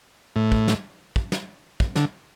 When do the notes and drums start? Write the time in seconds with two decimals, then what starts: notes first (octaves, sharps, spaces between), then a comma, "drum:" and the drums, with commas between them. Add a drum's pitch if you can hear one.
0.36 A2
0.52 drum: kick
0.68 drum: snare
1.16 drum: kick
1.32 drum: snare
1.80 drum: kick
1.96 D3, drum: snare